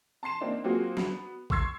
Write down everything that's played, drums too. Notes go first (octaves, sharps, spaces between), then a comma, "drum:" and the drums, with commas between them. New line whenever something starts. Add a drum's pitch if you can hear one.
A5 C6 C7 E7
A#3 C4 D4 D#4
F#3 A#3 C4 F4 F#4 G#4
B3 F#4, drum: snare
C6 C#6 E6 G#6 C7, drum: kick